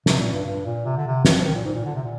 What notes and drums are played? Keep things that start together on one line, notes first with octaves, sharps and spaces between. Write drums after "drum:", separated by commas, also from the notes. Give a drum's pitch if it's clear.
C3, drum: snare
A#2
G2
G2
A#2
C3
D3
C3
D#3, drum: snare
F3
D#3
A#2
G#2
A#2
D3
C3
A#2